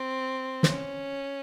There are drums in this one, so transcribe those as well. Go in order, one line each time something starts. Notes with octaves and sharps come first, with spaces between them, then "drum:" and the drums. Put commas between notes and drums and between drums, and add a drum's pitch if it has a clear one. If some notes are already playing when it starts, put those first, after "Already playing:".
Already playing: C4
C#4, drum: snare